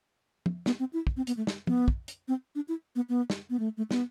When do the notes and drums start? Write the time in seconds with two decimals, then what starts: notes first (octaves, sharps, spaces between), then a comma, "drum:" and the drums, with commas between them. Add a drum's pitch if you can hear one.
0.46 drum: tom
0.66 B3, drum: snare
0.79 C4
0.93 E4
1.07 drum: kick
1.17 C4
1.27 B3, drum: hi-hat
1.37 A3
1.47 drum: snare
1.67 B3, drum: tom
1.88 drum: kick
2.08 drum: hi-hat
2.28 C4
2.55 D4
2.68 E4
2.96 B3
3.09 B3
3.30 drum: snare
3.50 B3
3.59 A3
3.77 A3
3.91 B3, drum: snare